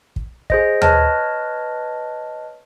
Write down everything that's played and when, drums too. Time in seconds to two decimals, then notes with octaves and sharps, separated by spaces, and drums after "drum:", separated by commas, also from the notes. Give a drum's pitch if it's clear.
0.16 drum: kick
0.50 G#4 C5 D#5, drum: kick
0.82 B4 C#5 D#5 A5 F6, drum: tom